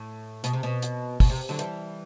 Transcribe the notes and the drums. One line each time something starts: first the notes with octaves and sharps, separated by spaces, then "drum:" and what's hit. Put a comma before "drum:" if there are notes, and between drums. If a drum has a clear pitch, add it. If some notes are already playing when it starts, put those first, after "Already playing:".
Already playing: A2
B2, drum: hi-hat
C3
B2
drum: hi-hat
B2, drum: kick, open hi-hat
C3
D3 F#3
E3 G3, drum: hi-hat